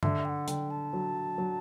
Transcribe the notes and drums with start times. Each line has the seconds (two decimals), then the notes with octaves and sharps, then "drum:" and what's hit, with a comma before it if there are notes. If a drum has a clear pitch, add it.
0.03 D3 E5, drum: tom G2
0.25 G5
0.30 F#5
0.48 D3 G5, drum: hi-hat
0.71 A5
0.93 F#3
1.38 F#3